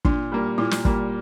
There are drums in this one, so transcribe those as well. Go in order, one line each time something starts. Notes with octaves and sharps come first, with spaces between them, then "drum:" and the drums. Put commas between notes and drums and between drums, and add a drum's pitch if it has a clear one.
A#2 D4, drum: kick
G3 A#3
A#2 E4
drum: snare
G3 A#3, drum: kick